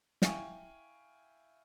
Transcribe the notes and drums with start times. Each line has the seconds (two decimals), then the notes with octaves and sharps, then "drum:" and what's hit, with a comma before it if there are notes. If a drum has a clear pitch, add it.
0.22 E4 F5 G5 G#5 C#6, drum: snare